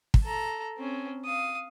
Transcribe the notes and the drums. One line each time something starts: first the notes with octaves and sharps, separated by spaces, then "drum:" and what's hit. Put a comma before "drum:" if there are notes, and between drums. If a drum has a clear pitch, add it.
drum: kick
A4 A#5
C4 C#4
F5 D#6